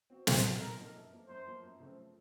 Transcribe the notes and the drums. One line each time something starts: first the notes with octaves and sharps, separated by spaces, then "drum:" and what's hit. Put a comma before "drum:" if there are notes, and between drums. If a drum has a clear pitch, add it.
C4 F#4
F3 A4, drum: snare
A#3 D#4 A4
F3 A#4
A#3 D#4 A4
F#2
F3 A#3
F#2 C5
F3 A#3
F#2
C#3 F3 A3 C4